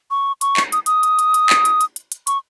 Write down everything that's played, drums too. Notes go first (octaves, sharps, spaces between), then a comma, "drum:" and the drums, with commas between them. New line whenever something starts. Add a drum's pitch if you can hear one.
C#6
C#6, drum: hi-hat
drum: clap
D#6, drum: hi-hat
D#6, drum: hi-hat
drum: hi-hat
drum: hi-hat
drum: hi-hat
drum: clap
drum: hi-hat
drum: hi-hat
drum: hi-hat
drum: hi-hat
C#6, drum: hi-hat